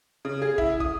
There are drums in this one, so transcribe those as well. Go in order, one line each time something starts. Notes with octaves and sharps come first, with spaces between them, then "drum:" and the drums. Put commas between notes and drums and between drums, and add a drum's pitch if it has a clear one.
C#3
G#4
E4, drum: kick
D#6, drum: kick